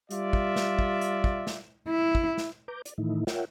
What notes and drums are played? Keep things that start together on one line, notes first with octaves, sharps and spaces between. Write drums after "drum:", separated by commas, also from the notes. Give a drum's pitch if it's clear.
G3 F4 D5 E5, drum: hi-hat
drum: kick
drum: snare
drum: kick
drum: hi-hat
drum: kick
drum: snare
E4
drum: kick
drum: snare
B4 A#5 D6 G6
D5, drum: hi-hat
A2 D#3 E3 A3 D#4 E4
F4 A#4 C#5 E5 F#5 G5, drum: snare